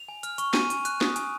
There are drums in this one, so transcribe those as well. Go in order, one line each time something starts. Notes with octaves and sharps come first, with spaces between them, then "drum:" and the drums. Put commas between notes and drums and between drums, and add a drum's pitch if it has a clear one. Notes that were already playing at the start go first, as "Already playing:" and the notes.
Already playing: F7
G#5
F6, drum: hi-hat
C#6, drum: hi-hat
G#5 D#7, drum: snare
G#5, drum: hi-hat
F#6, drum: hi-hat
D#6, drum: snare
G#5, drum: hi-hat